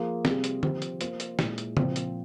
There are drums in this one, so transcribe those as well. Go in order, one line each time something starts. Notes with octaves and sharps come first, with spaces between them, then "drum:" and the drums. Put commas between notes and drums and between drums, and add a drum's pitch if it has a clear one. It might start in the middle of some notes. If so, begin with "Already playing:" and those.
Already playing: F3 A#3 F4 G#4
C3 G3 C4 F4 G#4, drum: snare
drum: hi-hat
F3 C4 G4 C5, drum: tom D3
drum: hi-hat
A#3 F4 C5, drum: hi-hat
drum: hi-hat
A#2 G#3 E4, drum: snare
drum: hi-hat
A#2 F3 C4, drum: tom
drum: hi-hat